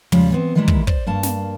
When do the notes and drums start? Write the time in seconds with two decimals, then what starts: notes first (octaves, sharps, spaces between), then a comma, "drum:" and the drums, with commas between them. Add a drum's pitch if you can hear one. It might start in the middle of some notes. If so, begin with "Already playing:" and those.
0.12 C#3 F3 G3 G#3, drum: tom
0.30 E3 B3 C4
0.55 D#3 E3 G3 G#3 A#3 E4
0.68 drum: kick
0.87 C5 D5, drum: kick
1.07 G2 A#3 A5
1.23 drum: snare